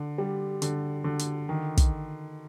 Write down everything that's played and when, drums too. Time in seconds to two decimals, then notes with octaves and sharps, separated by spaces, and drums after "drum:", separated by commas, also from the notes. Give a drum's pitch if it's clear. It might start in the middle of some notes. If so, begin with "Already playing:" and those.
Already playing: D3
0.18 G3
0.62 D3, drum: hi-hat
1.04 D3
1.19 drum: hi-hat
1.49 D#3
1.77 drum: kick, hi-hat